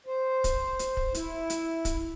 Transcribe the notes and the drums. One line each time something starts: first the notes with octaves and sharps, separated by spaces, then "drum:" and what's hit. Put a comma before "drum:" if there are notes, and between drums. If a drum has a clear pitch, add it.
C5
drum: kick, hi-hat
drum: hi-hat
drum: kick
E4, drum: hi-hat
drum: hi-hat
drum: kick, hi-hat